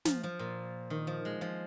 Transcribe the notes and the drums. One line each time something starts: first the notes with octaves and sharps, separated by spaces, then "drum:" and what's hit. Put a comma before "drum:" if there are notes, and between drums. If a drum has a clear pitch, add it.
F3, drum: snare
F3
A#2
D#3
F3
G#3
F3